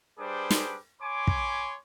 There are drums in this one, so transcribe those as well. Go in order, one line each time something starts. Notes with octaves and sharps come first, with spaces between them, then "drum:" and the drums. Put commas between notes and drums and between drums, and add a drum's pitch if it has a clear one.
G3 D4 G#4 B4 C5 D6
drum: snare
C#5 G#5 B5 C6 D6
drum: kick